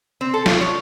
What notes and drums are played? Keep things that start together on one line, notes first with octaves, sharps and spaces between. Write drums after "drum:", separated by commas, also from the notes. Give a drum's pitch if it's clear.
C4
A4
F4, drum: snare
C#5